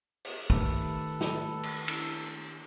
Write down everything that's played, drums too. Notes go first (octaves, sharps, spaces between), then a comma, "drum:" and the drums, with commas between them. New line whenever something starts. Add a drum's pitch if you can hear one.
drum: open hi-hat
D#3 A3 G4 A4 B4, drum: kick
drum: snare
drum: cymbal
drum: cymbal